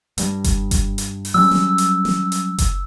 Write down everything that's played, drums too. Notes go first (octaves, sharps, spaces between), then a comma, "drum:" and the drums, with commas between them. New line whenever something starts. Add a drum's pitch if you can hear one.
G2 G3, drum: hi-hat
drum: kick F#1, hi-hat
drum: kick F#1, hi-hat
drum: hi-hat
drum: open hi-hat
F#3 G3 C#4 E6
drum: snare
drum: hi-hat
drum: snare
drum: hi-hat
drum: kick F#1, hi-hat